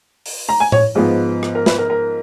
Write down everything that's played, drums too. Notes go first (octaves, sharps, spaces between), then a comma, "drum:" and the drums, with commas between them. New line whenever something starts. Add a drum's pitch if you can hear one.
drum: open hi-hat
A#5
G#5
C#5, drum: tom A2
G#2 F3 B3 D#4 G#4
drum: rim click
A#4
B4, drum: snare
A#4
A#4